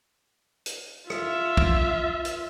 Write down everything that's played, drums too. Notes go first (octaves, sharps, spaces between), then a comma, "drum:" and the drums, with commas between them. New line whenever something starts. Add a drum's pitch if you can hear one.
drum: hi-hat
F4 E5, drum: rim click
drum: kick
drum: hi-hat